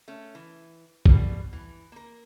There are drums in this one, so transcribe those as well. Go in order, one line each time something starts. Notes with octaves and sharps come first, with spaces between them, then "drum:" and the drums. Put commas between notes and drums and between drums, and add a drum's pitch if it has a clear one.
A3 C#4
E3
B2 G3, drum: kick
E3
A#3 A#4